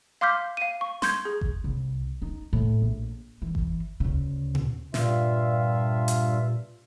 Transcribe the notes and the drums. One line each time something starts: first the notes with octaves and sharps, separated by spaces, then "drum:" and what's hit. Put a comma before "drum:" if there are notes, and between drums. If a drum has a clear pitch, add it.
F5 C6 D6 F6 G6 B6
F5 D#7
C#6
C6 G6 G#6, drum: snare
G#4
drum: kick G1
C2
D#4
A2
A#1
E3
drum: kick G1
D2 C#3
drum: tom A#2
G2 A#2 F4 E5, drum: snare
drum: hi-hat